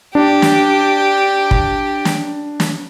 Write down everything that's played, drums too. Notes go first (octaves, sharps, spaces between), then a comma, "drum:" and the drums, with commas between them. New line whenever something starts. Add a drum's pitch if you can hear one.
D4 G4
drum: snare
drum: kick
drum: snare
drum: snare